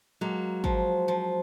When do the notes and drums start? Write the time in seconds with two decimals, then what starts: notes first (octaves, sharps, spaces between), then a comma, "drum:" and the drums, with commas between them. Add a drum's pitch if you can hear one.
0.21 F#3 G#3 A#3
0.64 F3, drum: kick
1.08 F3